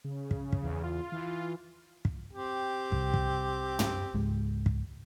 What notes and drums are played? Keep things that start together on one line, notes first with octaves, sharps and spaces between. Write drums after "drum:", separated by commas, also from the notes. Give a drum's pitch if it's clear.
C#3
drum: kick
drum: kick
E2
F4
E3
drum: kick
C4 G4
C2, drum: kick
drum: kick
drum: tom
C#2 G#2 G#3
drum: kick